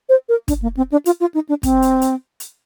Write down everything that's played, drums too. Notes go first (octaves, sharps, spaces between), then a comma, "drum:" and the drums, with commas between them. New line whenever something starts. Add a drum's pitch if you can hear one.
C5
A#4
D4, drum: kick, hi-hat
A#3
C4
D4
F4, drum: hi-hat
F4
D#4
D4
C4, drum: kick, hi-hat
drum: hi-hat
drum: hi-hat
drum: hi-hat